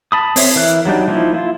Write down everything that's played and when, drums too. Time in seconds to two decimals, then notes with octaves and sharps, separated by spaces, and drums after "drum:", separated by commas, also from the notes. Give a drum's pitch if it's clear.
0.12 A5 B5 D#6
0.36 C4 C#5 E5, drum: open hi-hat
0.56 E3 A#4 E5 F#6
0.85 F#3 G3 D4 D#4
1.08 F3 A#3 D#4 E4
1.34 E4 F4